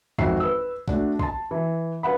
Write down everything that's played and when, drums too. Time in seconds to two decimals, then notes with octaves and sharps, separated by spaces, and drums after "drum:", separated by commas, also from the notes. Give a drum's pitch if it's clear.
0.18 G#1 F2 F#4 E5 C7, drum: kick
0.40 B4 E6
0.88 A3 D4 F#4, drum: kick
1.19 A5 C6, drum: kick
1.51 E3
2.03 D4 B4 F5 F#5 B5